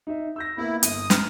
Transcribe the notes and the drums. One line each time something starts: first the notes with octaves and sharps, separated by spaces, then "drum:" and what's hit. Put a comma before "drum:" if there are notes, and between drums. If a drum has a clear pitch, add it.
D#4 E5
E6 G6 A#6
A#3 B3 E4
G1 D#6, drum: hi-hat
A#5 F6, drum: snare